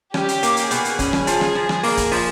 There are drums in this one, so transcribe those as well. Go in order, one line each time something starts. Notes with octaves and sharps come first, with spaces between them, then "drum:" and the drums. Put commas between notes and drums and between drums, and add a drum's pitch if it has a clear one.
C#4 G4, drum: rim click
drum: hi-hat
A#3, drum: hi-hat
drum: hi-hat
B2 G#4, drum: hi-hat
drum: hi-hat
C#4, drum: kick, hi-hat
drum: rim click
F3, drum: hi-hat
drum: rim click
F3
drum: rim click
A#3, drum: open hi-hat
drum: kick, hi-hat
F3, drum: open hi-hat